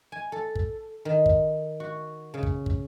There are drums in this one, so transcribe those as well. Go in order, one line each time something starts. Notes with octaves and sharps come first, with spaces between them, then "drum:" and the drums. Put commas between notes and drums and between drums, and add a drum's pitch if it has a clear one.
G#5
A4
drum: kick
D#3
drum: kick
F#4
C#3
drum: kick
drum: kick